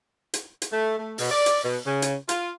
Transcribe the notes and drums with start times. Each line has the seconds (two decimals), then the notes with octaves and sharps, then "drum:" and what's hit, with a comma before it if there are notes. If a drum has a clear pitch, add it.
0.34 drum: hi-hat
0.62 drum: hi-hat
0.71 A3
0.98 A3
1.18 B2, drum: open hi-hat
1.31 D5
1.46 drum: hi-hat
1.63 B2
1.86 C#3
2.02 drum: hi-hat
2.29 F4, drum: hi-hat